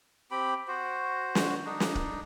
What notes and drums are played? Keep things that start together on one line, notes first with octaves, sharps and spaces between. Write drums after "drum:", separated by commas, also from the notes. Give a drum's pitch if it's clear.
C4 G4 G5 B5
F#4 C5
drum: snare
D4 D#4
drum: snare
drum: kick